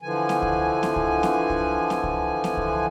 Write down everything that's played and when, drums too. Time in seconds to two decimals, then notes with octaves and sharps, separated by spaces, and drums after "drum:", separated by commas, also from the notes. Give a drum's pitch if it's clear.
0.02 D3 E3 F3 G#5
0.29 drum: snare
0.42 drum: kick C2
0.83 drum: snare
0.96 drum: kick C2
1.23 drum: snare
1.50 drum: kick C2
1.90 drum: snare
2.04 drum: kick C2
2.44 drum: snare
2.57 drum: kick C2